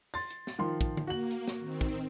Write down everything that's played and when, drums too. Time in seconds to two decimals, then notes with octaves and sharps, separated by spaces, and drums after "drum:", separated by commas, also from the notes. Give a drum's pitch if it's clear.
0.14 C6 A6, drum: open hi-hat
0.30 drum: hi-hat
0.47 drum: snare
0.59 D#3 F3 C6
0.81 drum: kick, hi-hat
0.97 drum: tom D3
1.07 A#3 F#4 F#7
1.31 drum: hi-hat
1.48 drum: snare
1.59 D#3 C4
1.81 drum: kick, hi-hat